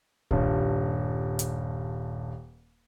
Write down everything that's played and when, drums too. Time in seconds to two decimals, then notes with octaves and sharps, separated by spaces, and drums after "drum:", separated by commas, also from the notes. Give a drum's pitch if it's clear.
0.31 D#1 G2, drum: kick
1.39 drum: hi-hat